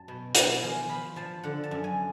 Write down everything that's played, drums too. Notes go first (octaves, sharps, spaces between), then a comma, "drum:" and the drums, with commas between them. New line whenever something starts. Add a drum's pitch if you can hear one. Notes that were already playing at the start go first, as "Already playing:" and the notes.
Already playing: F#2 A5
B2
B2, drum: hi-hat
F3 G#5
F3 B5
F3 A5
D3 F#5
A5
F#2
G#5